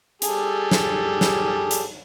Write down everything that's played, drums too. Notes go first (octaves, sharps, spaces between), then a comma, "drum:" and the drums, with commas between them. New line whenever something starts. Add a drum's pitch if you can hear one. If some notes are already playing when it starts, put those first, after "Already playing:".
G3 G#4 A4, drum: hi-hat
drum: snare
drum: snare
drum: hi-hat